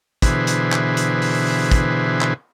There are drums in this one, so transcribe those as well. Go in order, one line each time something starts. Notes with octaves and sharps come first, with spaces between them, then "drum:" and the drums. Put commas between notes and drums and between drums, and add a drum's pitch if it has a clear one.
B2 D3 E3 G#4 B4 C5, drum: kick, hi-hat
drum: hi-hat
drum: clap
drum: hi-hat
drum: open hi-hat
drum: open hi-hat
drum: kick, hi-hat
drum: clap